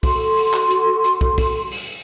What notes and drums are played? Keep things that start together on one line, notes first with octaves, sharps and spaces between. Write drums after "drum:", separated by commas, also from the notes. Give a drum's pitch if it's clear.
F#4 A4 C6, drum: kick, open hi-hat
drum: open hi-hat
drum: clap
drum: hi-hat
drum: hi-hat
drum: kick
drum: kick, open hi-hat
drum: open hi-hat